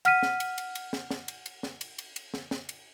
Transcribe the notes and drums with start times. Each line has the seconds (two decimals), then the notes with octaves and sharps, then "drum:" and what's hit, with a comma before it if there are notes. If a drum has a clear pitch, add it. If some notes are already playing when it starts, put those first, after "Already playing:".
0.05 F#5 F6 B6 D#7, drum: cymbal
0.23 drum: snare
0.40 drum: cymbal
0.58 drum: cymbal
0.75 drum: cymbal
0.93 drum: snare
1.11 drum: snare
1.28 drum: cymbal
1.46 drum: cymbal
1.63 drum: snare
1.81 drum: cymbal
1.98 drum: cymbal
2.16 drum: cymbal
2.34 drum: snare
2.51 drum: snare
2.69 drum: cymbal